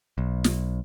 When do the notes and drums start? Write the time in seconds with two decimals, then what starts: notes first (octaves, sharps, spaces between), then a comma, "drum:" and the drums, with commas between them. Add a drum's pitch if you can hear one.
0.18 B1
0.44 drum: snare